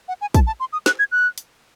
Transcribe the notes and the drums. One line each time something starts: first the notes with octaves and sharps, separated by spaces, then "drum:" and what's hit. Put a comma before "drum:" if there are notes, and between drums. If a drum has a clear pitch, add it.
F#5
G#5
A5, drum: kick, hi-hat
A5
C6
D#6
F#6, drum: snare
G#6
F#6
drum: hi-hat